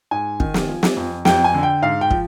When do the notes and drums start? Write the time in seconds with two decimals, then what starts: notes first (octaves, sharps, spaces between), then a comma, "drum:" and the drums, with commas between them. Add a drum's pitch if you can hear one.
0.11 G#2 G#5
0.40 D#3, drum: kick
0.54 drum: snare
0.68 F3
0.83 drum: snare
0.97 F2
1.25 F2 G5, drum: snare
1.44 G#5
1.54 D3
1.63 G5
1.82 G#2 F5
2.01 G5
2.11 F3, drum: kick